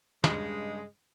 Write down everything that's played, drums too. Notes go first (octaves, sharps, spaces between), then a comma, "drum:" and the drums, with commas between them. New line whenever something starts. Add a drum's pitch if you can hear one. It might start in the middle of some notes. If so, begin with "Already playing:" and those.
G2 C#3 G#3, drum: snare